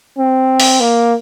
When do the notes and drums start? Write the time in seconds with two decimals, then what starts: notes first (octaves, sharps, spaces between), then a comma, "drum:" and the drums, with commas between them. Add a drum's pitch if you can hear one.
0.18 C4
0.60 drum: open hi-hat
0.81 A#3